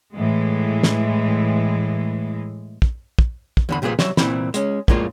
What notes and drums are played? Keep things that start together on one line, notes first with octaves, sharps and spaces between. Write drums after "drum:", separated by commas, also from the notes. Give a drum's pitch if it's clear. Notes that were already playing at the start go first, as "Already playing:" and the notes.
A2 E3 G#3
drum: snare
drum: kick
drum: kick
drum: kick
E2 D3 B5
C2 A#2 F3 F4 G#4 B4
C2 F#3 E5, drum: snare
C2 A#2 E3 C4 E4 B5, drum: snare
G#3 C#4, drum: hi-hat
F2 A2 G#3 A#3 D4 F4, drum: kick